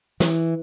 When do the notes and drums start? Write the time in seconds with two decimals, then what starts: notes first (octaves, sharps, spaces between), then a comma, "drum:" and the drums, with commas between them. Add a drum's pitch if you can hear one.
0.20 E3, drum: snare